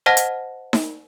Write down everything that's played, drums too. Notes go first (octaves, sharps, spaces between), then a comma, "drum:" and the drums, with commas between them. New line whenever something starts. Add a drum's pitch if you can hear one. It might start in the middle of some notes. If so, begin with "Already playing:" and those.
C5 D#5 F#5 A5 F6 A#6
drum: hi-hat
drum: snare D#4